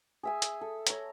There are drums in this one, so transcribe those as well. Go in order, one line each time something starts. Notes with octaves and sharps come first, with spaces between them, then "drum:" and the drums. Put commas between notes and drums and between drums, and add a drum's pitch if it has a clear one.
G#4 E5 G#5
drum: hi-hat
A4
C#5 A#5, drum: hi-hat